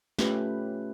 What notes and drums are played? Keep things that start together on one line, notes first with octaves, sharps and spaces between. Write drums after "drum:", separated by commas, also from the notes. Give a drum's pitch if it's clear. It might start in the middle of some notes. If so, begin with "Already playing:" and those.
A3 C#4 F4 G4 B4, drum: snare